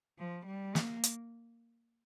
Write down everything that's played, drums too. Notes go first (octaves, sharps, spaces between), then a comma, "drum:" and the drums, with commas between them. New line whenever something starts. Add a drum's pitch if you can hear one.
F3
G3
A#3, drum: snare
drum: hi-hat